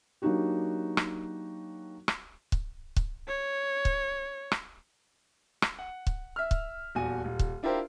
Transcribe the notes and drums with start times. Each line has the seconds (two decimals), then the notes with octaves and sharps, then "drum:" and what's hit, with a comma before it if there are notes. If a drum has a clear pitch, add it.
0.22 F#3 A#3 D4 D#4 F#4 G4
0.97 drum: rim click
2.08 drum: rim click
2.52 drum: kick C#1
2.96 drum: kick C#1
3.28 C#5
3.85 drum: kick C#1
4.52 drum: rim click
5.62 drum: rim click
5.79 F#5
6.07 drum: kick C#1
6.36 E5 F6
6.51 drum: kick C#1
6.95 D#1 E2 F#4 G#5 D#7
7.25 D#1
7.39 drum: kick C#1
7.63 D4 E4 F4 G4 A#4 C5